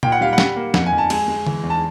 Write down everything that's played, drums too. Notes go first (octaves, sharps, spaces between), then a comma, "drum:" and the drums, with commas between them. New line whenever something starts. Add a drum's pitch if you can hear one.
A#2 G5, drum: tom B2
F#5
G3 F5
F#5
G3, drum: snare
A#3
F2 F#5, drum: snare
G#5
F2
A5
G#3 G#5, drum: cymbal
G#3
E3, drum: tom D3
E2
A5